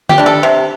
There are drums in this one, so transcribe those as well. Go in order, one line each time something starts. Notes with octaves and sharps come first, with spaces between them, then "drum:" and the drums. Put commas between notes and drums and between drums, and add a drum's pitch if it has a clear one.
G4, drum: tom D3
G3 D4
A4
C3